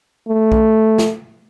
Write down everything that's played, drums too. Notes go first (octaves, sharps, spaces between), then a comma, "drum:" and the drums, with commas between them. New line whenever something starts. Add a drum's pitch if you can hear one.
A3
drum: kick B1
drum: snare